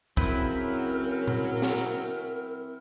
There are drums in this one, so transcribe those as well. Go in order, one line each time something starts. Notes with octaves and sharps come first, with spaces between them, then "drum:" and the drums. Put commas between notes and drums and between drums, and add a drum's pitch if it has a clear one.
C#3 F#3 C4 E4 A#4 B4, drum: kick
drum: tom A#2
drum: snare